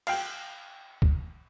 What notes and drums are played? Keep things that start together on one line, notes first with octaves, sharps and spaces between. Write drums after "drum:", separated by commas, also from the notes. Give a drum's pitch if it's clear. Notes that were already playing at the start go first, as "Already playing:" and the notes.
F5 G5, drum: cymbal
drum: kick